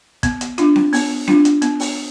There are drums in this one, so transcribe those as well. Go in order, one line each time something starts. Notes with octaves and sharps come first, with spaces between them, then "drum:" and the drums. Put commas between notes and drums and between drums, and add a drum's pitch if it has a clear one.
B3, drum: kick, hi-hat
drum: hi-hat
D4 F4, drum: hi-hat
drum: snare C4
B3, drum: open hi-hat
D4 F4, drum: snare C4
drum: hi-hat
B3, drum: hi-hat
drum: open hi-hat